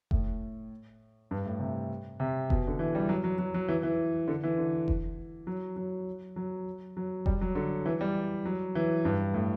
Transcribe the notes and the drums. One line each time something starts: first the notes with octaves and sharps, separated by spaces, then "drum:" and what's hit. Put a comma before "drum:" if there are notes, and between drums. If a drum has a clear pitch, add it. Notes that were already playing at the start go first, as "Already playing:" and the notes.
A2, drum: kick F1
G2
A2
C3
C3
B2, drum: kick F1
D3
E3
G3
F#3
F#3
F#3
F#3
E3
E3
D3
E3
D3
drum: kick F1
F#3
F#3
F#3
F#3
G3, drum: kick F1
F#3
D3
E3
G3
F#3
E3
G2
A2